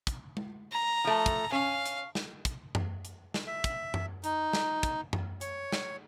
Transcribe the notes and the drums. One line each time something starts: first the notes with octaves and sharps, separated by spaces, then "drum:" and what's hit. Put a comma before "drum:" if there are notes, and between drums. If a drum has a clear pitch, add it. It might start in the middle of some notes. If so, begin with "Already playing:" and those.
drum: kick, hi-hat
drum: tom G#3
A#5
F3 A3
drum: kick, hi-hat
C#4 F5
drum: hi-hat
drum: snare
drum: kick, hi-hat
drum: tom F#2
drum: hi-hat
drum: snare
E5
drum: kick, hi-hat
drum: tom F#2
D#4, drum: hi-hat
drum: snare
drum: kick, hi-hat
drum: tom F#2
C#5, drum: hi-hat
drum: snare